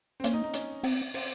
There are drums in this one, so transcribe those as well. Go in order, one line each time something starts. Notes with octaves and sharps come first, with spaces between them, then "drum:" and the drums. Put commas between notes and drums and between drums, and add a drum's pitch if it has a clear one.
C4
A#3 C#4, drum: hi-hat
D#4
D#4
C#4, drum: hi-hat
C4, drum: open hi-hat
C4, drum: open hi-hat